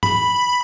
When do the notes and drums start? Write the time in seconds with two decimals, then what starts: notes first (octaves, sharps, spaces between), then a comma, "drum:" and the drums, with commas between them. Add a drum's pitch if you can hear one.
0.03 B5, drum: tom